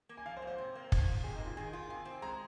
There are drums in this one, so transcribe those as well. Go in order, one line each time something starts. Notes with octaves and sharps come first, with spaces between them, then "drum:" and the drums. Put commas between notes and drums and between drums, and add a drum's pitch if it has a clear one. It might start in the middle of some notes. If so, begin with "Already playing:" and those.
A#3
G#5
F3 F5
C5
G#2
C5
C3
A#3
D#3, drum: kick
F4
C3 G#4
D#4
A#3
F4
D#3 G#4
F4
C3 G#5
C4
G#3 A#5